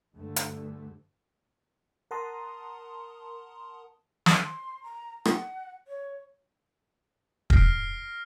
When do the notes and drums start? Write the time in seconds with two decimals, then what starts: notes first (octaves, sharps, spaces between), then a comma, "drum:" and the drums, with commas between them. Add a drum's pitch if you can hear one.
0.16 D2 G2 D3 A3
0.36 drum: hi-hat
2.11 A#4 F#5 A5 A#5 C6 D#6
4.26 drum: snare
4.43 C6
4.83 A#5
5.25 F#5, drum: rim click
5.88 C#5
7.50 F6 A#6 C7 D7, drum: kick